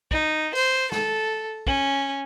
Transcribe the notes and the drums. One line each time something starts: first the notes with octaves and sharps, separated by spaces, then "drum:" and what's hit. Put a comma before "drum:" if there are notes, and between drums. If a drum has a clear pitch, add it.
D#4, drum: kick
C5, drum: open hi-hat
A4, drum: snare
C#4, drum: kick